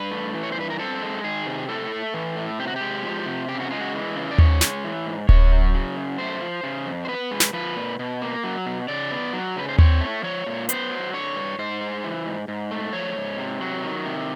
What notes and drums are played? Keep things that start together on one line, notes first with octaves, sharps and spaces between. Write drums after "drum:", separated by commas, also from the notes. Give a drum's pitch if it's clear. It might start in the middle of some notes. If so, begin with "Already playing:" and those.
Already playing: G2 B4
A3
E3
C#5
C5
G2 B4
A#4
C4 A4
G#3
D#3 G#4
C3
A2 A4
A3
E3
A2
C3 G4
F#4
G4
G#3
F3
C3
C#3 G4
F#4
G#3 F4
F#4
E3
C#3
D5
G#2 C#5, drum: tom D#2
G#3, drum: snare
E3
G#2
F#2 C#5, drum: kick D1
F#3
C#3
F#2
A3 C5
F3
C#3
F2
C5
B3 B4
G#3
drum: snare
F3 B4
A#2
B2
A#3
F#3
B2
C#3 D5
B3
F#3
C#3 B4
C5
C4 C#5, drum: tom D#2
A3
F3 C#5
A#2
B3 C5, drum: hi-hat
F#3
D3 C#5
G2
G#2 C5
G#3
E3
G#2
G#2
A3
F3 C#5
G#2
C3
F#3
D#3
C3